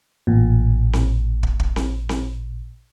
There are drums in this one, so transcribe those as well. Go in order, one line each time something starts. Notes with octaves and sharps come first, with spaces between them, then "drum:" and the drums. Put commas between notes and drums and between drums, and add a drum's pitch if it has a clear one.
A1 A#2
drum: snare C4
drum: kick
drum: kick
drum: snare C4
drum: snare C4